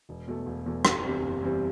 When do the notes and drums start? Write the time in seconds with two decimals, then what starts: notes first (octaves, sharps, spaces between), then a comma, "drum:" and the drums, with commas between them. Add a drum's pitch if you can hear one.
0.09 E1
0.27 E2 B2 A3
0.46 E1
0.66 E2 B2 A3
0.85 F#1, drum: rim click
1.03 E2 C3 G3 C4
1.23 F#1
1.42 E2 C3 G3 C4